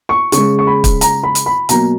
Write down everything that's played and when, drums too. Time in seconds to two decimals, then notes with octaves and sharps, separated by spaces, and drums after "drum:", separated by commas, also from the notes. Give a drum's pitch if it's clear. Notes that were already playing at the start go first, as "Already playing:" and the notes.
0.09 C#6
0.32 C#3 G#3 C#6, drum: hi-hat
0.59 C#6
0.67 B5
0.84 drum: kick, hi-hat
1.01 A#5, drum: hi-hat
1.24 B5
1.35 drum: hi-hat
1.46 B5
1.69 B2 F#3 A#3 A#5, drum: hi-hat